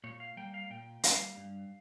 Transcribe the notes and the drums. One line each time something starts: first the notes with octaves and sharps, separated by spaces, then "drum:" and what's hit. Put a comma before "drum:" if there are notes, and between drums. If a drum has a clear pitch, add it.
A#2 C#5
F5
G3 A#3 G5
F5
A#2 G5
G3 A#3 F5, drum: hi-hat
G2